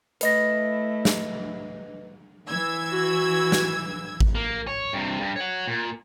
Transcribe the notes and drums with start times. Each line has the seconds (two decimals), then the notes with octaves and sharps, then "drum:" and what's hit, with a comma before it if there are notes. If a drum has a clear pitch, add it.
0.21 A3 E4 B4 D#5 A#6, drum: hi-hat
1.05 drum: snare
2.47 E3 E6 G#6
2.92 F#4
3.52 drum: snare
4.20 drum: kick G#1
4.35 A#3
4.67 C#5
4.93 G2 C3
5.21 G2
5.36 C#5 F#5
5.67 A#2